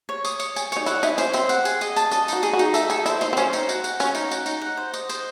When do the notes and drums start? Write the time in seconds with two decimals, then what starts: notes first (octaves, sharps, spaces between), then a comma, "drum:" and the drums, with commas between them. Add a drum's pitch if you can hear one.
0.09 C#5
0.25 D#6, drum: tambourine
0.40 C#5, drum: tambourine
0.56 G#5, drum: tambourine
0.72 D#4 C#5, drum: tambourine
0.86 E4 F#5, drum: tambourine
1.03 D#4 E4, drum: tambourine
1.18 C#4 C5, drum: tambourine
1.33 C4 C6, drum: tambourine
1.49 F#5, drum: tambourine
1.65 G#4, drum: tambourine
1.81 D#5, drum: tambourine
1.96 A5, drum: tambourine
2.11 C#4 D#5, drum: tambourine
2.28 D#4 F#4, drum: tambourine
2.43 G#4, drum: tambourine
2.53 F#4
2.59 D#4, drum: tambourine
2.74 A4 E5, drum: tambourine
2.90 G#4 A4, drum: tambourine
3.06 E4 C5, drum: tambourine
3.21 D#4 C6, drum: tambourine
3.33 C4
3.37 C#4 C5, drum: tambourine
3.53 D#4, drum: tambourine
3.69 F#4, drum: tambourine
3.84 F#5, drum: tambourine
4.00 C#4 C#5, drum: tambourine
4.15 D#4, drum: tambourine
4.31 F#4, drum: tambourine
4.46 D#4, drum: tambourine
4.61 F#5
4.77 C5
4.94 D#5, drum: tambourine
5.09 C5, drum: tambourine